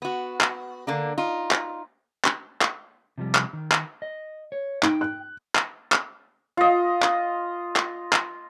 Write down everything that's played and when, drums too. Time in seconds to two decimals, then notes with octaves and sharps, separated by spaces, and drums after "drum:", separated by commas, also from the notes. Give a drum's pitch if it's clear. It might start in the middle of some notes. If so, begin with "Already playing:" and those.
0.02 B3 F#4
0.41 drum: clap
0.87 D3 A#3 D4
1.18 D#4 F4
1.51 drum: clap
2.25 drum: clap
2.61 drum: clap
3.18 C3 F3 G3
3.35 drum: clap
3.53 D#3
3.72 drum: clap
4.02 D#5
4.52 C#5
4.83 D#4 G5, drum: clap
5.01 F#6
5.55 drum: clap
5.92 drum: clap
6.57 F4 D#5
7.02 drum: clap
7.76 drum: clap
8.13 drum: clap